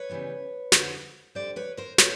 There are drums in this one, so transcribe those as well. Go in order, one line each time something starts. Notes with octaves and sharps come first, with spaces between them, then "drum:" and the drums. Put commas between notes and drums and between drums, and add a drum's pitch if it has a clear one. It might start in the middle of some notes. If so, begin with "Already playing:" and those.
Already playing: B4 C#5
C#3 E3 G3 B3
F2 D3 F3, drum: snare
D2 D3 G3 C5 D5
B4 C#5
A#4 C5
A3 D4 B4 C#5, drum: snare